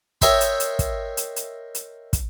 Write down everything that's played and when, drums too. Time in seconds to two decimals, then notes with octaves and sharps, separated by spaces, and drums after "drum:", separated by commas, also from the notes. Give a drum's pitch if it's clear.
0.22 A#4 C#5 D#5 E5 G5 C6, drum: kick, hi-hat
0.41 drum: hi-hat
0.60 drum: hi-hat
0.79 drum: kick, hi-hat
1.17 drum: hi-hat
1.36 drum: hi-hat
1.75 drum: hi-hat
2.13 drum: kick, hi-hat